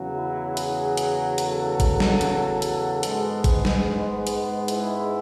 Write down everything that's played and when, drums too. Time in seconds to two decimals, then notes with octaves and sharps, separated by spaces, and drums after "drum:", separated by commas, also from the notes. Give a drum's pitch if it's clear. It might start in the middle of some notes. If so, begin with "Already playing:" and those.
Already playing: E2 C#3 F#3
0.15 E4
0.57 G#4, drum: hi-hat
0.97 drum: hi-hat
1.38 A4, drum: hi-hat
1.80 drum: kick G#1, hi-hat
2.00 drum: snare
2.21 drum: hi-hat
2.62 drum: hi-hat
3.03 G#2 G#3 B3, drum: hi-hat
3.44 drum: kick G#1, hi-hat
3.65 drum: snare
4.27 drum: hi-hat
4.68 E4, drum: hi-hat